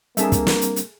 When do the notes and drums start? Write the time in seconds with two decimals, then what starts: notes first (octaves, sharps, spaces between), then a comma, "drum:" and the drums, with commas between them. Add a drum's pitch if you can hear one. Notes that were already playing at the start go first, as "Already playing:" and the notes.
0.17 G3 A#3 C4 D4 G#4 A4 E5, drum: hi-hat
0.32 drum: kick, hi-hat
0.47 drum: snare
0.61 drum: hi-hat
0.76 drum: hi-hat